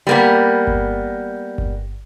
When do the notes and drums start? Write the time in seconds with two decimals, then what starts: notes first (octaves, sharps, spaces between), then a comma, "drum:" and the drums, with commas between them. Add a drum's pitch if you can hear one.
0.07 G3 A#3 B3
0.67 drum: kick G1
1.58 drum: kick G1